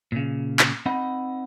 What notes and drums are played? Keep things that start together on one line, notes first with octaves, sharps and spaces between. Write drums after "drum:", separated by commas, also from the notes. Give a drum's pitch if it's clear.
A#2 C#3
drum: clap
C4 D#4 D#5 F#5 B5